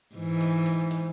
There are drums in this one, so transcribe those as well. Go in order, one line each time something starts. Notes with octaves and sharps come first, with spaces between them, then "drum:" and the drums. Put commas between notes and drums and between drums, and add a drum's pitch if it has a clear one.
G#2 E3
drum: hi-hat
drum: hi-hat
drum: hi-hat